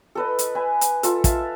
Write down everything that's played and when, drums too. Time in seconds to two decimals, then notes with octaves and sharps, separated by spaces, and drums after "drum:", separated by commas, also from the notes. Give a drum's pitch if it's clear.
0.15 A4 B4 D#5
0.39 drum: hi-hat
0.55 B4 G#5
0.81 drum: hi-hat
1.03 F4 A4, drum: hi-hat
1.24 E5 F5 A5, drum: kick, hi-hat